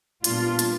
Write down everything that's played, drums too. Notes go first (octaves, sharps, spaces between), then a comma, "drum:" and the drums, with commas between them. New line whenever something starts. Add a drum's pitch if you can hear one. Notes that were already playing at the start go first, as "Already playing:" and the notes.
A#2 G3 B3 D4 F4, drum: hi-hat
drum: hi-hat